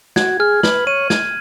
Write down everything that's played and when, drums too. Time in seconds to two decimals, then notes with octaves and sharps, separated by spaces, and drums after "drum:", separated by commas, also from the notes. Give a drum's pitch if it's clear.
0.16 F#4 G#6, drum: snare
0.40 G#4 F6
0.63 B4 F#7, drum: snare
0.87 C#5 D#7
1.10 G#6, drum: snare